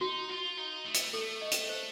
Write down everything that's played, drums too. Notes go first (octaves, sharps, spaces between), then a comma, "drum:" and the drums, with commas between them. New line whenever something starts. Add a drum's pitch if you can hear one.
D#4 F#4
F4
D#4
A3
drum: hi-hat
A3 A4
D#5
drum: hi-hat
C5